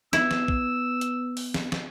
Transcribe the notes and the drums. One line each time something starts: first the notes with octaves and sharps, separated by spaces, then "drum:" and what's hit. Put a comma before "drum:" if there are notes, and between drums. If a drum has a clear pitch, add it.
B3 E4 E6, drum: snare
drum: snare
drum: kick
drum: hi-hat
drum: open hi-hat
drum: snare
drum: snare